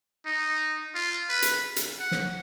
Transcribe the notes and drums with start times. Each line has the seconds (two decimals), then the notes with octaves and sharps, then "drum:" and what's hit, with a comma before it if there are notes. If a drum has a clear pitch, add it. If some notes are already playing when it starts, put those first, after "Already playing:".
0.26 D#4
0.95 F4
1.29 B4
1.42 drum: hi-hat
1.76 drum: hi-hat
2.00 F#5
2.11 drum: snare